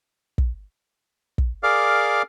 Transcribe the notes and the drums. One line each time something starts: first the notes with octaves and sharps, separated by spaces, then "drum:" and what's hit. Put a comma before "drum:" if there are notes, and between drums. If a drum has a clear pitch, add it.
drum: kick
drum: kick
G#4 A#4 D5 F5 D6 F6